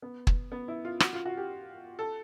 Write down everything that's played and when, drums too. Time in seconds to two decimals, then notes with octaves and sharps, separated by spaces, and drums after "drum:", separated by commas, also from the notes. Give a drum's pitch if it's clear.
0.02 B3
0.27 drum: kick
0.52 B3
0.68 E4
0.85 F4
1.00 F#4, drum: rim click
1.13 F4
1.25 F#4
1.37 G4
1.99 A4